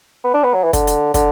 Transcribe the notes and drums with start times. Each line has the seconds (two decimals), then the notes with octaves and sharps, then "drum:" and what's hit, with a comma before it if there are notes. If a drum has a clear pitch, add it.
0.24 B3
0.34 D4
0.44 B3
0.54 F#3
0.64 E3
0.73 D3, drum: kick, hi-hat
0.87 drum: hi-hat
1.14 D3, drum: kick, hi-hat